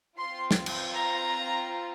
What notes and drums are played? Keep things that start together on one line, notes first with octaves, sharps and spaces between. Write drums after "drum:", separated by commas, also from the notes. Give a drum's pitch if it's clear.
C4 F4 C6
drum: snare
drum: cymbal
A#5